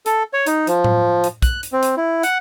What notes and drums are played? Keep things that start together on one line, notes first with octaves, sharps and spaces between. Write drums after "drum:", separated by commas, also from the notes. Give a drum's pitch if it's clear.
A4, drum: hi-hat
C#5
D#4, drum: hi-hat
F3, drum: hi-hat
drum: tom A2
drum: hi-hat
F#6, drum: kick, hi-hat
drum: hi-hat
C4
drum: hi-hat
E4
F#5, drum: hi-hat